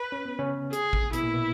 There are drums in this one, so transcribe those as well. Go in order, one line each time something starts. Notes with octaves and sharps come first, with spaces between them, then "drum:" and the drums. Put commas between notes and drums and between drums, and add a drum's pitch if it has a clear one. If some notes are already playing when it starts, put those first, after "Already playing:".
Already playing: B4
C#4
B3
C#3 C#4
G#4, drum: hi-hat
drum: kick
B2 B3 E4, drum: hi-hat
A#2 A#3
B2 B3